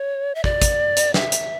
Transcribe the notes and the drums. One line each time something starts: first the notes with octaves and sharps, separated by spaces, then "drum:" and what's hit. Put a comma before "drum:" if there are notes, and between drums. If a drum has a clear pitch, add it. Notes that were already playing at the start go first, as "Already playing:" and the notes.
Already playing: C#5
E5
D5, drum: kick
drum: kick, hi-hat
drum: hi-hat
E5, drum: snare
drum: hi-hat